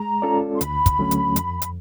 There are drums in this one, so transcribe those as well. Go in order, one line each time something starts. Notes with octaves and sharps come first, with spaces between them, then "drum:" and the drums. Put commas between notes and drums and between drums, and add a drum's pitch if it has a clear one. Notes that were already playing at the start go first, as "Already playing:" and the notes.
Already playing: G#3 A#5
C#4 F4 A4 D5
C6
D2 B5, drum: hi-hat
drum: kick, hi-hat
D3 F#3 A3 C#4
drum: hi-hat
F2, drum: hi-hat
drum: hi-hat